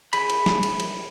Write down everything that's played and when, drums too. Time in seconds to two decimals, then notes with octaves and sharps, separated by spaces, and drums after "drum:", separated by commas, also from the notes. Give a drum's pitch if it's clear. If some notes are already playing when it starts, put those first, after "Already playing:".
0.13 G#4 B5, drum: cymbal
0.30 drum: cymbal
0.46 drum: snare
0.63 drum: cymbal
0.80 drum: cymbal